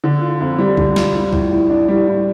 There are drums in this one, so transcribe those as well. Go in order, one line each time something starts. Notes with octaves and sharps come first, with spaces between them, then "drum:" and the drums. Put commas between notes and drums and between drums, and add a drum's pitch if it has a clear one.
D3
F4
F2
G3
D3, drum: kick C2
F4, drum: snare
G3
A2, drum: kick C2
A2
D4
G3
A2